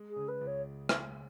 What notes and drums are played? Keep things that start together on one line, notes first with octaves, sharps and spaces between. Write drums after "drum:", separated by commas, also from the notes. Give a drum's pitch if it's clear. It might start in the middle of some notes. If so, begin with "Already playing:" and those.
Already playing: G#3
G#4
C#3
B4
C#2
C#5
drum: rim click